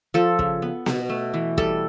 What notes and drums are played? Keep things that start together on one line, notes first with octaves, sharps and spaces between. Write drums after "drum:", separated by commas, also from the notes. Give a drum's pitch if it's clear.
F3 A4
C#3, drum: kick
B3
B2, drum: snare B3
A3
E3
G3 A4, drum: kick